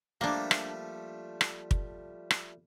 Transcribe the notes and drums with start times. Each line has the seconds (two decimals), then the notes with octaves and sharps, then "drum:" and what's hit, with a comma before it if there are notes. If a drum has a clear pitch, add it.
0.21 F3 G3 A3 A#3 D4
0.51 drum: rim click
1.41 drum: rim click
1.71 drum: kick
2.31 drum: rim click